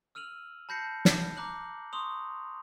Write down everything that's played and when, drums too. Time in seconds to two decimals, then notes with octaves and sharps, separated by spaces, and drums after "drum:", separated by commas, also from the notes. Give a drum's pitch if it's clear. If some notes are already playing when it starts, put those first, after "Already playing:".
0.15 E6 F6 D#7 F7 F#7
0.69 A5 B5 G6 A#6 C7 C#7
1.05 drum: snare
1.37 A#5 D6 F#6 F#7
1.93 C6 C#6 D#6 F7